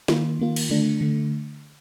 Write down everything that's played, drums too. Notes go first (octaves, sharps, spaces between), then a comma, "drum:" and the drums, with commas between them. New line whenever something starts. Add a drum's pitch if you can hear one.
D#3 A#3 F4, drum: snare
D#3 A#3 F4
drum: cymbal
D3 A3 D4
D3 A3